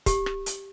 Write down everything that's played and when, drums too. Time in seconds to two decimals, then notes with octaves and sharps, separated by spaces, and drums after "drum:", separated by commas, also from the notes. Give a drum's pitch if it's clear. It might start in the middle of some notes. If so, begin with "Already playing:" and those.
0.06 G4, drum: kick, hi-hat
0.26 drum: rim click
0.46 drum: hi-hat